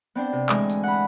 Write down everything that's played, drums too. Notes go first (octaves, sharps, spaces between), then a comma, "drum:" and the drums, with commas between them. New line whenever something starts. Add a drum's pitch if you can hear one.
B3 C4 D4 C5
C3
D2 E3 G#3 G#5, drum: clap
drum: tambourine
F#5 B5